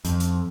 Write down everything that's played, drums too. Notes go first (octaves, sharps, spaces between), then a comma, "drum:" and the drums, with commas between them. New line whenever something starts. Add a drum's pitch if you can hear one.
F2, drum: hi-hat
drum: hi-hat